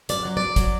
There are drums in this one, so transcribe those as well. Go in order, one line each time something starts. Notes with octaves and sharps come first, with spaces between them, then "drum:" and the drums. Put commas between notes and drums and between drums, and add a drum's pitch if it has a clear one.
F#2 D5, drum: hi-hat
F#3
F#3 D5
F#3, drum: kick, hi-hat